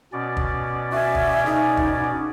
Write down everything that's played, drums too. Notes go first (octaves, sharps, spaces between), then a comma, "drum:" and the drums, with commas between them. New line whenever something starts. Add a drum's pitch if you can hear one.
B2 C#4 D5
drum: kick
F#4 E5 F5 G#5
drum: kick
D#4 G#4, drum: snare
drum: kick